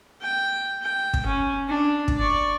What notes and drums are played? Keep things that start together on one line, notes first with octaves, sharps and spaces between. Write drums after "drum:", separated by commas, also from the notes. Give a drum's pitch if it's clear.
G5
G5
drum: kick
C#4
D4
drum: kick
D5 C#6